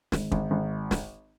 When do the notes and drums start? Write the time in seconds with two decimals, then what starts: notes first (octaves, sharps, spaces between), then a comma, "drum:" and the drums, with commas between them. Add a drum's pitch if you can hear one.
0.12 G#1, drum: snare
0.32 G#1, drum: kick
0.51 G#1
0.91 drum: snare